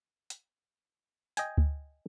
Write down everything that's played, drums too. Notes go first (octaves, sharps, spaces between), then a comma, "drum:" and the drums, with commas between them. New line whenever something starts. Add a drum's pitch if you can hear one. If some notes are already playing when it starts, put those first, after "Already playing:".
drum: hi-hat
D#5 G5 G#5, drum: hi-hat
drum: kick D2